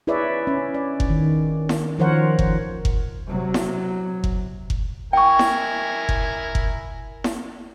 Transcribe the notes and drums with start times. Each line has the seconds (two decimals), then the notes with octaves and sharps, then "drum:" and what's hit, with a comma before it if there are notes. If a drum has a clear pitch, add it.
0.07 E4 G#4 B4 C#5 D5 E5
0.47 C#4
0.74 D5
1.00 drum: kick F#1
1.10 D#3
1.69 drum: snare E4
1.98 D#3 F3 A#4 C5 C#5 F#5
2.39 drum: kick F#1
2.85 drum: kick F#1
3.27 C3 F#3
3.54 drum: snare E4
4.24 drum: kick F#1
4.70 drum: kick F#1
5.13 E4 A#4 G5 G#5 C#6
5.39 drum: snare E4
6.09 drum: kick F#1
6.55 drum: kick F#1
7.24 drum: snare E4